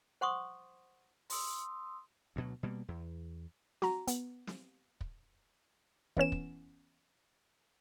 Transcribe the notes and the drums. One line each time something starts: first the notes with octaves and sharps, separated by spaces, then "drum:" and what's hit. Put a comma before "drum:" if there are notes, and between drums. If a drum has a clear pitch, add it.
C5 F#5 C6 C#6 D#6
C6 D#6 E6, drum: open hi-hat
D2 B2 F#3
B2 G3 A#3
E2
F#4 A#5, drum: snare
B3, drum: hi-hat
drum: snare
drum: kick
E3 B3 C#4 E7, drum: kick
drum: kick